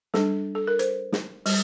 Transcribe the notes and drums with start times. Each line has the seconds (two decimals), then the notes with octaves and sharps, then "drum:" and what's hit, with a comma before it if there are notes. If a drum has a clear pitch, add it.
0.14 G3 D4 A4, drum: snare
0.55 A4
0.67 A#4
0.79 C5, drum: hi-hat
1.12 drum: snare
1.46 G3, drum: open hi-hat